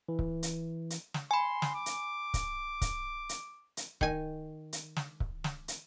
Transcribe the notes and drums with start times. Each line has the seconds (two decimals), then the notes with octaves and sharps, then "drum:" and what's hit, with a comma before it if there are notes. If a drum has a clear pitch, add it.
0.09 E3
0.19 drum: kick C#1
0.43 drum: hi-hat
0.90 drum: hi-hat
1.14 drum: snare
1.31 G#5 B5 C6
1.62 drum: snare
1.75 D6
1.86 drum: hi-hat
2.34 drum: kick C#1, hi-hat
2.81 drum: kick C#1, hi-hat
3.29 drum: hi-hat
3.77 drum: hi-hat
4.01 D#3 G#5, drum: kick C#1
4.73 drum: hi-hat
4.96 drum: snare
5.20 drum: kick C#1
5.44 drum: snare
5.68 drum: hi-hat